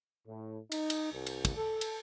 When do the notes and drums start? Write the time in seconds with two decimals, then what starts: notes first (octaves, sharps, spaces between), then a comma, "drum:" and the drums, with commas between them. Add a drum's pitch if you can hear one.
0.28 A2
0.72 D#4, drum: cymbal
0.90 drum: cymbal
1.12 C2
1.26 drum: cymbal
1.45 drum: kick, cymbal
1.56 A4
1.81 drum: cymbal